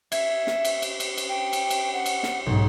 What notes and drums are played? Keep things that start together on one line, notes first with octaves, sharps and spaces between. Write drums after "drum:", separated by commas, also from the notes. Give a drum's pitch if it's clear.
E5 G#6, drum: cymbal
drum: snare
drum: cymbal
drum: cymbal
drum: cymbal
drum: cymbal
G5
drum: cymbal
drum: cymbal
F#5
drum: cymbal
drum: snare
B1 G#2